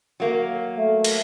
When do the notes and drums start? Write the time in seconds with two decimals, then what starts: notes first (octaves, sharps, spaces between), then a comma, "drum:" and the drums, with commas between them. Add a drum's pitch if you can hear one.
0.20 F#3 A#3
0.78 A3
1.04 drum: cymbal